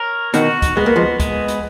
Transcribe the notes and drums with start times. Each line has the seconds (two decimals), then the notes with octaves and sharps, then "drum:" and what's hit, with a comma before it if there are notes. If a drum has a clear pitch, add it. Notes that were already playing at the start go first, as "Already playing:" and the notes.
Already playing: A#4 C#5
0.34 B2 D#3 F#4, drum: hi-hat
0.62 drum: kick, hi-hat
0.77 G#3 B3
0.86 A#3
0.96 F3 G#3
1.20 G#3, drum: kick, hi-hat
1.48 drum: hi-hat